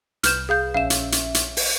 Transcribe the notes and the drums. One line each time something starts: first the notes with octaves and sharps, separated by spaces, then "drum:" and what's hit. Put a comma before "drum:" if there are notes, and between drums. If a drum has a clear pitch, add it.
C2 B4 F6 G6 E7, drum: hi-hat
G#4 F5 G6
A#1 C#4 E5 F5 E7
drum: hi-hat
drum: hi-hat
drum: hi-hat
drum: open hi-hat